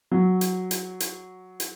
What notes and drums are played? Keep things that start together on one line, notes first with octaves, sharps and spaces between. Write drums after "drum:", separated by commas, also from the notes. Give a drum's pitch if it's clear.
F#3
drum: hi-hat
drum: hi-hat
drum: hi-hat
drum: hi-hat